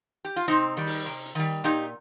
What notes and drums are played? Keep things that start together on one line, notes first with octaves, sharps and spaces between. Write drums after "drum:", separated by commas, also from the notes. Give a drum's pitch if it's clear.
G4
F4
C3 C4 D#4, drum: hi-hat
D#3 G3
drum: open hi-hat
C3
drum: hi-hat
D#3 G3
A#2 D#4 G4, drum: hi-hat